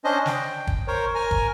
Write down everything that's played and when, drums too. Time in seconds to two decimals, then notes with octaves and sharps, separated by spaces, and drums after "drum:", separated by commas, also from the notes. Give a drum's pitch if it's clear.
0.04 C#4 D4 C5 D#5
0.26 G5, drum: snare
0.67 drum: kick
0.87 A#4 C5 C#5
1.15 A#4 G#5 A#5 F6
1.31 drum: kick